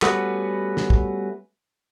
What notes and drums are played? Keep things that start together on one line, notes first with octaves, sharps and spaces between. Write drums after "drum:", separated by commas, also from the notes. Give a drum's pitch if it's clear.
G3 A3 B3 C#4 F#4 B4, drum: clap
drum: snare
drum: kick